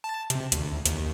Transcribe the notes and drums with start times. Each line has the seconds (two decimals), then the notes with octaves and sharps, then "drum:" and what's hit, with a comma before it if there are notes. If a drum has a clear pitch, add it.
0.04 A5
0.30 C3, drum: hi-hat
0.52 D2, drum: hi-hat
0.86 D#2, drum: hi-hat